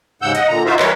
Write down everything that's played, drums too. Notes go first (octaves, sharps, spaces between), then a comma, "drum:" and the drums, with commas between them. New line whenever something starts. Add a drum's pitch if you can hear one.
D#2 G#2 C#3 F#5 E6 G6
D#5 F#5, drum: hi-hat
A#2 D3 A#5
D#4 F4 F#4 C5 E5 F5
E3 G3 A#4 B4 C#5, drum: clap